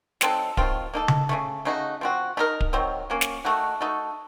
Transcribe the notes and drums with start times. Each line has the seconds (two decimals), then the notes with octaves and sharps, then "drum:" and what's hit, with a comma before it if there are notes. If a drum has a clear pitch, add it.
0.21 F#3 C4 D#4 A4, drum: snare
0.57 D#3 F#3 C4 F4, drum: kick D1
0.94 A#3 D#4 A4
1.08 drum: tom C#3
1.29 C#3 F3 A3
1.65 C#3 A3 D#4 F#4
2.01 F3 C4 F#4
2.37 A3 D#4 A#4
2.60 drum: kick D1
2.73 D#3 F#3 C4
3.10 F#3 A#3 C#4
3.21 drum: snare
3.45 D#3 A3 D#4 F#4
3.81 A3 D#4 F#4 A4